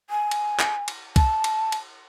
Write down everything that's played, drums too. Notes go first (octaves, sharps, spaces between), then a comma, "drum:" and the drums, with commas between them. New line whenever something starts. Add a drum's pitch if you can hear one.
G#5
drum: cymbal
drum: clap
drum: cymbal
A5, drum: kick C2, cymbal
drum: cymbal
drum: cymbal